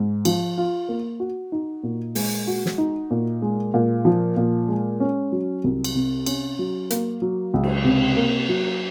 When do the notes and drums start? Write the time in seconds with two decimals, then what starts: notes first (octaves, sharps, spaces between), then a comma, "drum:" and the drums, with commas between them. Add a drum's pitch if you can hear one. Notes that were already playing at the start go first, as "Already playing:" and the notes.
Already playing: G#2
0.25 F3, drum: cymbal
0.58 F4
0.89 A#3
1.20 F#4
1.52 D#4
1.83 A#2
2.15 G#3, drum: open hi-hat
2.47 F#4
2.66 drum: snare
2.78 D#4
3.11 A#2
3.42 G#3
3.74 A#2
4.05 F3
4.37 A#2
4.68 G#3
5.00 C#4
5.32 F#3
5.64 C2
5.84 drum: cymbal
5.95 C3
6.26 C#4, drum: cymbal
6.59 F#3
6.90 A#3, drum: hi-hat
7.22 F#3
7.54 C#2
7.64 drum: cymbal
7.84 C3
8.17 A#3
8.49 F#3